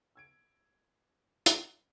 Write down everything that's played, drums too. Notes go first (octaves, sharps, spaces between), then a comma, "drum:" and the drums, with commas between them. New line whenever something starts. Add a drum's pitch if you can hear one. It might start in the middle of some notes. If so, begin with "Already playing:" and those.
E6 G#6 D7
drum: hi-hat